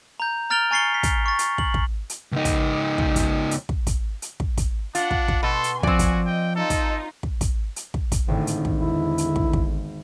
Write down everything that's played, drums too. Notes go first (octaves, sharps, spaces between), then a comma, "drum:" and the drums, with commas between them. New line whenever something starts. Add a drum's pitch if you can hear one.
A#5 G6
A#5 F6 A6 D7 F7 G7
G#5 C#6 A6 C7 C#7 G7
B6
drum: kick, hi-hat
C#6 A6
drum: hi-hat
F#7, drum: kick
drum: kick
drum: hi-hat
C#2 D#4
drum: kick, hi-hat
drum: kick
drum: kick, hi-hat
drum: hi-hat
drum: kick
drum: kick, hi-hat
drum: hi-hat
drum: kick
drum: kick, hi-hat
D4 F4 F#5, drum: hi-hat
drum: kick
drum: kick
B2 B3 A4 C6
drum: hi-hat
F3 C4 F#4 D5 G#5, drum: kick
drum: kick, hi-hat
D#5 G5
D#4 F4 A4
drum: kick, hi-hat
drum: kick
drum: kick, hi-hat
drum: hi-hat
drum: kick
drum: kick, hi-hat
G#1 A2 D3
drum: hi-hat
drum: kick
E2 D3 E4
drum: hi-hat
drum: kick
drum: kick